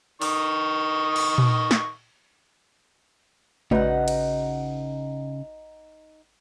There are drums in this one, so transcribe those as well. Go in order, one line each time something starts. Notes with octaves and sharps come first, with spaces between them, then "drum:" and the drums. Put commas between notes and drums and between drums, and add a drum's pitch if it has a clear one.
D#3 D#5 C#6, drum: open hi-hat
drum: cymbal
drum: tom A#2
drum: snare
A1 C#3 D#4 F#4 B4 F#5, drum: tom G#3
drum: cymbal